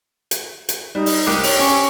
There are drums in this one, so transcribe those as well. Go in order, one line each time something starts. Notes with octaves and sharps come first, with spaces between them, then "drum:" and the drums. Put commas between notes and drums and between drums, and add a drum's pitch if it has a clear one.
drum: hi-hat
drum: hi-hat
G3 D#4
drum: open hi-hat
C2 G4
C#5 F7, drum: open hi-hat
C#4 C#6